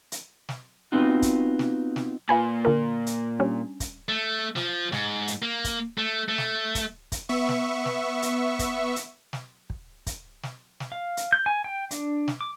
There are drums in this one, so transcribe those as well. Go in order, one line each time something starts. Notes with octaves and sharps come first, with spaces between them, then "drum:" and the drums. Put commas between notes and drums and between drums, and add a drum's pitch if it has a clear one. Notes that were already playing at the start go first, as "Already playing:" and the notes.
drum: hi-hat
drum: snare
B3 C4 D#4 F4 F#4
drum: kick, hi-hat
drum: snare
drum: snare
A#2 F4 B4 G#5
D3 F4 A#4
drum: hi-hat
G3 C#4 D4
drum: kick, hi-hat
A3
F3, drum: snare
G#2, drum: snare
drum: hi-hat
A#3
drum: kick, hi-hat
A3
A3
drum: snare
drum: kick, hi-hat
drum: kick, hi-hat
B3 E5 C#6
drum: snare
drum: snare
drum: hi-hat
drum: kick, hi-hat
drum: hi-hat
drum: snare
drum: kick
drum: kick, hi-hat
drum: snare
drum: snare
F5
drum: hi-hat
G6
G#5
G5
D4, drum: hi-hat
drum: snare
D6